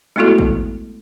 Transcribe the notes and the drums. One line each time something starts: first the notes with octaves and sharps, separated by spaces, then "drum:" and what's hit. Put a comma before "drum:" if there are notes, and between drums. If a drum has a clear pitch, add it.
G#3 A3 B3 E4 F#4 A4
drum: kick A1